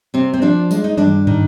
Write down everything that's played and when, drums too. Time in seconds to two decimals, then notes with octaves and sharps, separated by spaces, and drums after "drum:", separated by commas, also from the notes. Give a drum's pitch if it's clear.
0.14 C3 C4
0.33 C4
0.42 F3 D4
0.71 G#3 D4, drum: tambourine
0.84 D#4
0.97 G2 D4, drum: tom D#3
1.27 D#3, drum: tom